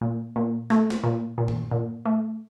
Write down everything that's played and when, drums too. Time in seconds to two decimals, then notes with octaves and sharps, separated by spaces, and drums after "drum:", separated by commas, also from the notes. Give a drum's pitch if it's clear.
0.01 A#2
0.36 A#2
0.70 A3, drum: snare
0.90 drum: snare
1.04 A#2
1.38 A#2
1.48 drum: tom G2
1.71 A#2
2.06 A3